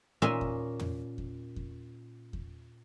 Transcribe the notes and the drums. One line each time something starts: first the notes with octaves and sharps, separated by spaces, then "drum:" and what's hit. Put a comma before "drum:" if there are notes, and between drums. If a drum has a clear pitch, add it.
A#2 A#3 C#4 D#5 E5 C6
drum: kick E2
drum: tom
drum: kick E2
drum: kick E2
drum: kick E2